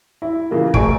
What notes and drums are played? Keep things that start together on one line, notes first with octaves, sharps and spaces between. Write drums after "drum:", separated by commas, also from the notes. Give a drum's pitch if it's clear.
E4
A#2 C#3 E3 A#3
E1 A3 D5 G#5 C#6 D7, drum: kick